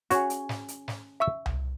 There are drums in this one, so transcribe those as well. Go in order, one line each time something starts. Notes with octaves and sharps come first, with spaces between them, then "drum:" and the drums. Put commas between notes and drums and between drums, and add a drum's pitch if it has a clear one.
C#4 F#4 G#4 C#5, drum: hi-hat
drum: hi-hat
drum: snare
drum: hi-hat
drum: snare
E5 C#6 E6
drum: tom C2